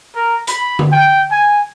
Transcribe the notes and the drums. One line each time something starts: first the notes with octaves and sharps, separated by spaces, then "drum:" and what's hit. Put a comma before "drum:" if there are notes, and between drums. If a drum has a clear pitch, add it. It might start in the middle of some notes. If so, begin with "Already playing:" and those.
A#4
B5, drum: hi-hat
drum: tom D3
G5
G#5